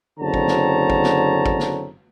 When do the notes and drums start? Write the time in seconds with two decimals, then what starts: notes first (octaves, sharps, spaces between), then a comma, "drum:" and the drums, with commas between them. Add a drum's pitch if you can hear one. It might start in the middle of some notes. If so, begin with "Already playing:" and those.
0.20 F#1 D3 C4 C#5 A5 A#5
0.34 drum: kick
0.48 drum: snare
0.90 drum: kick
1.04 drum: snare
1.46 drum: kick
1.60 drum: snare